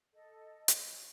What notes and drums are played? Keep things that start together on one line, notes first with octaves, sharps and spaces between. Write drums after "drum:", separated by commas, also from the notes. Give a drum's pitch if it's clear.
A4 D#5
drum: hi-hat